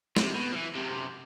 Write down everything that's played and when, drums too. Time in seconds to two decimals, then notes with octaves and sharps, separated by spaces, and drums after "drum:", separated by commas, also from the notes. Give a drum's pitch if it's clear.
0.17 C3, drum: snare
0.35 B2
0.52 E3 F3
0.75 F#2 C3